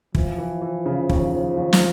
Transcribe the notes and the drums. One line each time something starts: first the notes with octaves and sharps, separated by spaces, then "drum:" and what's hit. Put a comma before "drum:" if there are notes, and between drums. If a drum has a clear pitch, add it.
E3 F3, drum: kick
E3
E3
C#3
D#2, drum: kick
D#2
D#2
drum: snare